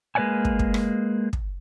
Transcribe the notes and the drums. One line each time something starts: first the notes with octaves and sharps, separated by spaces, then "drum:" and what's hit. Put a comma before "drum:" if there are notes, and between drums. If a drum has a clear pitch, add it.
G#3 A#3 B4 D5 F#5 G#5
drum: kick
drum: kick
drum: rim click
drum: kick